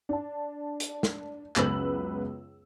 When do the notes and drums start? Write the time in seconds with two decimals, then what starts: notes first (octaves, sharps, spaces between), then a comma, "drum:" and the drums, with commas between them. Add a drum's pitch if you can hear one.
0.09 D4 A5
0.80 drum: hi-hat
1.03 drum: snare
1.56 C#2 F#2 B3 B4 E6 F#7, drum: clap